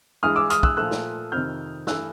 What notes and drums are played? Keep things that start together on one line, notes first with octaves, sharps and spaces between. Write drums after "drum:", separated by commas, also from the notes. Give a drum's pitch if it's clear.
G2 E3 G#3 D#6 F6
D6 E6
D#6 F6, drum: hi-hat
E6 F#6, drum: kick
A#2 F3 A3 E6 F#6
drum: snare
F2 C3 D#3 F6 G6
G2 E3 A3 E6 F#6, drum: snare